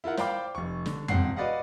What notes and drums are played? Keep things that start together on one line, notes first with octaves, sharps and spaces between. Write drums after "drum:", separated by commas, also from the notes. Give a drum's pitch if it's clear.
E4 F4 A#4 F#5
C5 D5 F5 G5 B5 D6, drum: snare
F1 C#6
D3, drum: snare
E1 C4 F#5 C7, drum: tom
F#4 B4 D5 D#5 F5 F#5